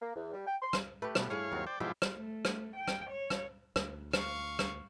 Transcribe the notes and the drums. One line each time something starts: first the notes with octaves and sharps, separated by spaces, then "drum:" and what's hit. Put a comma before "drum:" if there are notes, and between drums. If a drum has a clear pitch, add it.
A#3
E2
G3
G5
C6
drum: rim click
A3 G4 B4
B2, drum: rim click
G2 E4 G#4 C#5 F5
D#2 F#3 C4
C5 D5 G5
G#2 B2 F3 F#3 E4 G4
drum: rim click
A3
drum: rim click
G5
drum: rim click
C#5
drum: rim click
D2, drum: rim click
F5 C#6, drum: rim click
drum: rim click